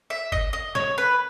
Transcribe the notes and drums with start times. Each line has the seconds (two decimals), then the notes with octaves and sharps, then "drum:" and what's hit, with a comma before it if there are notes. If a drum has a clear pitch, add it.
0.10 E5
0.32 D#5, drum: kick G1
0.53 D#5
0.75 C#5, drum: snare
0.98 B4